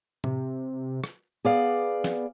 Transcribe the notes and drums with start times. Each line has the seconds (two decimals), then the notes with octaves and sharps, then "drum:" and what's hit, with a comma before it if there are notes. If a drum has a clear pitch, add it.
0.24 C3, drum: tom A2
1.04 drum: rim click
1.45 B3 G#4 D5 F5
2.04 drum: snare